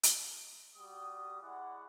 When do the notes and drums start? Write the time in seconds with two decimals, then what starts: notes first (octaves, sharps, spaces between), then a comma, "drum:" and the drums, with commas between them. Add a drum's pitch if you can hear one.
0.03 drum: hi-hat
0.76 G3 F#4 D#6
1.41 G#3 E4 F#4 D5 F#5